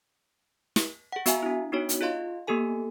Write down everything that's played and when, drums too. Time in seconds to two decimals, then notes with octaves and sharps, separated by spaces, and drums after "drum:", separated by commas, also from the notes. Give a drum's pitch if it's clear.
0.76 drum: snare
1.12 G#4 F#5
1.26 B3 F#4 E5 F5 G#5 A#5, drum: hi-hat
1.43 D4 E4
1.72 B3 D4 D#4 F#4 C#5
1.89 drum: hi-hat
2.01 F4 G#4 D#5 F5 C6
2.47 A#3 B3 G4 A4 G#5